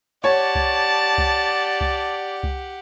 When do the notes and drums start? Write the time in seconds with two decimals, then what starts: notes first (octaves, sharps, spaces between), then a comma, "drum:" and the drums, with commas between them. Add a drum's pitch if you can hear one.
0.24 G4 C#5 D5 F#5 A5
0.55 drum: kick C2
1.18 drum: kick C2
1.81 drum: kick C2
2.43 drum: kick C2